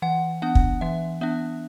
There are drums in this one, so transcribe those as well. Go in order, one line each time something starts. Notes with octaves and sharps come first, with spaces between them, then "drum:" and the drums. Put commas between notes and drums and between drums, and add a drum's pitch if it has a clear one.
E3 F#5
B3 D4 F#5
drum: kick
E3 E5
B3 D4 E5